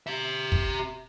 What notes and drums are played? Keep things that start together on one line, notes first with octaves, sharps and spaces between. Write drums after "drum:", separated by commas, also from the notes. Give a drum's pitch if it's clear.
G4 E5
drum: kick